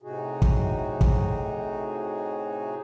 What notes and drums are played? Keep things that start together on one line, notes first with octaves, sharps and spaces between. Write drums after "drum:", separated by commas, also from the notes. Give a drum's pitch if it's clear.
A2 C3 D#4 F#4 G#4
drum: kick
drum: kick